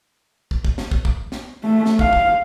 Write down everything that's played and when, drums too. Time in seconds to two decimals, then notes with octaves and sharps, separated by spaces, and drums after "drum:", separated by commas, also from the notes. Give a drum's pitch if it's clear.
0.51 drum: kick
0.65 drum: kick
0.78 drum: snare
0.91 drum: kick
1.05 drum: kick
1.32 drum: snare
1.64 A3
1.86 drum: snare
1.99 F5, drum: kick
2.13 drum: kick